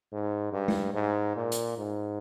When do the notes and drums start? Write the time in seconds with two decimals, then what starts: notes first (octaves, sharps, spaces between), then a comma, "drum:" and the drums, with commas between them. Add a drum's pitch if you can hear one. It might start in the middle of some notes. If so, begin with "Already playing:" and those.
0.12 G#2
0.53 G2
0.68 drum: tom G#3
0.94 G#2
1.36 A#2
1.52 drum: hi-hat
1.78 G#2